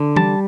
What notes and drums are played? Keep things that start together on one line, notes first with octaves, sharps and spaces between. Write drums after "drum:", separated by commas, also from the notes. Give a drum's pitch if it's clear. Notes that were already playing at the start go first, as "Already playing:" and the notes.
Already playing: D3
G3 A5, drum: tom E3